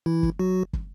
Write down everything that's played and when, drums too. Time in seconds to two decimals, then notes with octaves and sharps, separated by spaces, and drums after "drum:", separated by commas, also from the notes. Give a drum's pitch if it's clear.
0.06 E3 E4
0.23 drum: kick
0.39 F#3 F#4
0.73 drum: kick